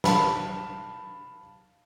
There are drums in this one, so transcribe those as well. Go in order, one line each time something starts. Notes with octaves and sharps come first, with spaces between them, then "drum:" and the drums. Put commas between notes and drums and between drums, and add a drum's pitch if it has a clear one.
F5 A5 B5, drum: snare